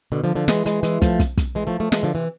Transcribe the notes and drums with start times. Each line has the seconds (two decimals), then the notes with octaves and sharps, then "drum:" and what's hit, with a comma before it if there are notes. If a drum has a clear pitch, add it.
0.12 B2 D3
0.24 D3 F3
0.35 D3 F3
0.48 E3 G#3, drum: snare
0.66 E3 G#3, drum: hi-hat
0.83 E3 G#3, drum: hi-hat
1.02 F3 A3, drum: kick, hi-hat
1.19 drum: kick, hi-hat
1.37 drum: kick, hi-hat
1.55 E3 G#3
1.67 F3 A3
1.80 F3 A3
1.92 E3 G#3, drum: snare
2.03 D3 F3
2.15 C3 E3